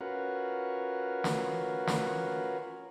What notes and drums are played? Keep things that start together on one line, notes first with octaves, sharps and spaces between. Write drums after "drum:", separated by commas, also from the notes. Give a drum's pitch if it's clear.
C#4 F4 F#4 A#4 B4
drum: snare
drum: snare